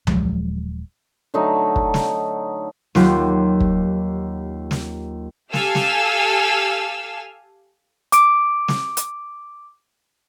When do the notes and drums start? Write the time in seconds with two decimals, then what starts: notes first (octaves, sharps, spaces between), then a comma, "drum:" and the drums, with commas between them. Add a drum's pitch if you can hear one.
0.07 D#1 F3 F#3 G#3, drum: tom C2
1.34 D3 F#3 A3 D#4
1.76 drum: kick
1.94 drum: snare
2.95 D#2 F#3 F4 G4, drum: snare
3.60 drum: kick
4.71 drum: snare
5.54 G4 A4 F5 G#5 E6 F6, drum: snare
5.75 drum: snare
8.12 D6 D7, drum: hi-hat
8.68 drum: snare
8.97 drum: hi-hat